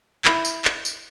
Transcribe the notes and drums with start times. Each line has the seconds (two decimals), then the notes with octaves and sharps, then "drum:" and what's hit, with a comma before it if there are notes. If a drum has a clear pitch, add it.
0.25 E4, drum: clap
0.45 drum: tambourine
0.65 drum: clap
0.85 drum: tambourine